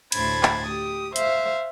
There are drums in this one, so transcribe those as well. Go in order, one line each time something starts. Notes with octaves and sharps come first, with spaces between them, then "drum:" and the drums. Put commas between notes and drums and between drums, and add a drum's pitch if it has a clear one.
D2 A2 C5 B5 G#6 A6, drum: cymbal
drum: clap
G4 D#6
C5 E5 F5, drum: hi-hat